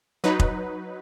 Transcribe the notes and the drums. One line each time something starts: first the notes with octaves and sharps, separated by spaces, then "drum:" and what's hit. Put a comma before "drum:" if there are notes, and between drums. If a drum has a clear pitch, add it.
F#3 D#4 B4
drum: kick F1